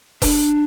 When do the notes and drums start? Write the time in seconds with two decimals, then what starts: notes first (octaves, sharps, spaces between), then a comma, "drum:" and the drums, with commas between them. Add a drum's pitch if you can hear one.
0.22 D4, drum: kick F1, open hi-hat